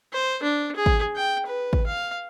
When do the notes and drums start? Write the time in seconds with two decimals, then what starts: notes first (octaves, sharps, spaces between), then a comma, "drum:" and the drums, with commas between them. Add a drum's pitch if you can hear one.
0.13 C5
0.43 D4
0.76 G#4
0.86 drum: kick
1.16 G5
1.46 B4
1.73 drum: kick
1.87 F5